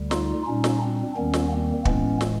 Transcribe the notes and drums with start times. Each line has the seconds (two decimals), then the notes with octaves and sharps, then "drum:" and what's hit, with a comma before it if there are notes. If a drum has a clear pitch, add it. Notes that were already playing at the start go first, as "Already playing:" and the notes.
Already playing: D2 D3 G3
0.11 D#4 F4, drum: snare
0.47 A#2 G3 C#4 D#4
0.64 drum: snare
0.81 C4 D4
1.16 D#2 D#3 G3 B3 C#4
1.33 drum: snare
1.51 A#3 C4
1.85 A2 E3 G#3 B3 C#4, drum: kick
2.21 drum: snare